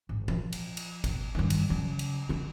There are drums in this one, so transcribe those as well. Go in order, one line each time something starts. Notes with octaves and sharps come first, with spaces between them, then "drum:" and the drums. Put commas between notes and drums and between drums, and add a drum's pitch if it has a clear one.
G#1
F3, drum: tom A#2
drum: cymbal
drum: cymbal
B2, drum: kick G#1, cymbal
G2 D#3
drum: cymbal
C#3 F#3
drum: cymbal
D#3 E4